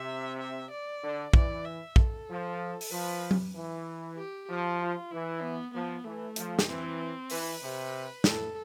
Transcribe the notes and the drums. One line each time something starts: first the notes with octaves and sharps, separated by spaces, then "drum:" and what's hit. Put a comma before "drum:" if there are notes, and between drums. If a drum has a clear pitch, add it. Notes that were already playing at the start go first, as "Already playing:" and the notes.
Already playing: C3 E5
E5
D5
D3
E3 D5, drum: kick
E5
A4, drum: kick
F3
drum: open hi-hat
F3 B4
drum: tom F#3
E3
G4
F3
F4
E3 E4
B3
F3 B3
E3 A3
F3, drum: hi-hat
drum: snare
E3 C4
E3 B4, drum: open hi-hat
C3
A2 A4, drum: snare